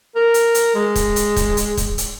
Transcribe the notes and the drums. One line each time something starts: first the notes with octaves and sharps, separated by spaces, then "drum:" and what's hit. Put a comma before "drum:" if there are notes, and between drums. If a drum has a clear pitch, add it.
A#4
drum: hi-hat
drum: hi-hat
G#3
drum: kick, hi-hat
drum: hi-hat
drum: kick, hi-hat
drum: hi-hat
drum: kick, hi-hat
drum: hi-hat